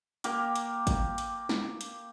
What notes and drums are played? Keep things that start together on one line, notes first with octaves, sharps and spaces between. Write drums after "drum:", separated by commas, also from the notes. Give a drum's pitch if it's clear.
A#3 G4 A#4, drum: hi-hat
drum: hi-hat
drum: kick, hi-hat
drum: hi-hat
drum: snare
drum: hi-hat